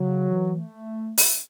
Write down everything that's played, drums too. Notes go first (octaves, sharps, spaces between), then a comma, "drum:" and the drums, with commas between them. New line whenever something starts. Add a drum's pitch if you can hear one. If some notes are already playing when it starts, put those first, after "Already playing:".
Already playing: C#3 F#3
E3
A3
drum: open hi-hat